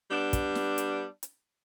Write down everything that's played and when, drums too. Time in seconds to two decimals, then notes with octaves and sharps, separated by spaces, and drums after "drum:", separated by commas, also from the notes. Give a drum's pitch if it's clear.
0.11 G3 B3 D4
0.33 drum: kick, hi-hat
0.55 drum: snare
0.78 drum: hi-hat
1.23 drum: hi-hat